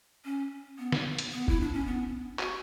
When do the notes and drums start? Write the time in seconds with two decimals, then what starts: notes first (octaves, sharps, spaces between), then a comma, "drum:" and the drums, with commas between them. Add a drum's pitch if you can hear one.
0.25 C#4
0.79 B3
0.92 drum: snare
1.18 drum: hi-hat
1.32 B3
1.48 E4, drum: kick
1.61 D4
1.73 C#4
1.86 B3
2.39 F#4, drum: clap